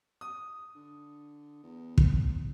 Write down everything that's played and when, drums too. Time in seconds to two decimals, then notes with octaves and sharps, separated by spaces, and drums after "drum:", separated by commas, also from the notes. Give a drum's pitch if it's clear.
0.21 D#6
0.75 D3
1.64 E2
1.98 drum: kick